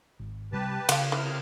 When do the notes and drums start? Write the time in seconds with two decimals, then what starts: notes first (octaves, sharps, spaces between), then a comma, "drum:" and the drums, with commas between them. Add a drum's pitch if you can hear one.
0.20 G#1
0.52 C3 G3 G4 B4 A5
0.89 C#3 F5 F#5, drum: cymbal
1.12 C3 E3 F6